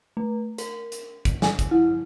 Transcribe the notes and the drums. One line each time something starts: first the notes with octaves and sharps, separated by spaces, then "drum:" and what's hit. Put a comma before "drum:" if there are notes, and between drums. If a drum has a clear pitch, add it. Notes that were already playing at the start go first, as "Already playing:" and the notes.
A3
A#4, drum: hi-hat
drum: hi-hat
drum: kick, hi-hat
G#5, drum: snare
drum: kick, hi-hat
E4